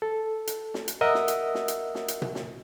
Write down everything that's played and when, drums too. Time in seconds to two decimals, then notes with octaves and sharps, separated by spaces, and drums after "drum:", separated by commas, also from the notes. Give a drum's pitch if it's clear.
0.02 A4
0.47 drum: hi-hat
0.74 drum: snare
0.88 drum: hi-hat
1.01 A#4 D#5 E5 F#5 D#6 E6
1.14 drum: snare
1.28 drum: hi-hat
1.55 drum: snare
1.68 drum: hi-hat
1.95 drum: snare
2.08 drum: hi-hat
2.22 drum: tom B2
2.35 drum: snare